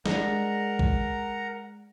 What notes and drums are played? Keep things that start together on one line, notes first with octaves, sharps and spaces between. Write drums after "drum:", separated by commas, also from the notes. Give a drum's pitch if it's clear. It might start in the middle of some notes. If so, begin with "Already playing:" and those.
G#3 D4 A#4 F#5 A#5, drum: snare
drum: kick A1